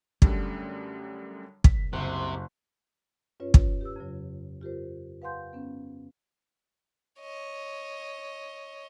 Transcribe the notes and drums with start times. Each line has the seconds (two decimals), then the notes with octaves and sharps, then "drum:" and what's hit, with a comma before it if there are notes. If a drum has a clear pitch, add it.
0.22 F#2 D3 G3 A3 C#4, drum: kick
1.64 C2 B6, drum: kick
1.93 F#1 C3 F#6
3.40 G2 C#4 F4 B4 C#5
3.54 drum: kick
3.81 G4 B4 E6
3.96 F2 C#3 F#3
4.61 F4 G4 A#4 C5
5.22 B4 F5 F#5 G#5 C6 G6
5.53 B3 C#4
7.21 C#5 D#5